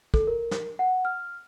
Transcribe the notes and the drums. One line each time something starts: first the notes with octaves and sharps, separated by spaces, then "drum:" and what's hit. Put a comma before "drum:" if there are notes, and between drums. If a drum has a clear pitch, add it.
A4, drum: kick
A#4
drum: snare
F#5
F6